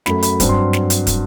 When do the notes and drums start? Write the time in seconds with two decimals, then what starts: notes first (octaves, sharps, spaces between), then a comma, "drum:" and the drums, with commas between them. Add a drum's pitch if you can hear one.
0.06 F#2 F#3 A3 B5, drum: snare
0.22 B5, drum: hi-hat
0.40 G2 F#3 C4, drum: kick, hi-hat
0.49 C6
0.73 drum: snare
0.90 drum: hi-hat
1.07 drum: kick, hi-hat